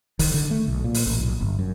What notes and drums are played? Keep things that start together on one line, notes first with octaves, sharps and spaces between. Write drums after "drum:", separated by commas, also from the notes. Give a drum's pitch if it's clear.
D#3, drum: kick, open hi-hat
D3
A3
B1
A#2
drum: open hi-hat
A1
B1
G1
F#2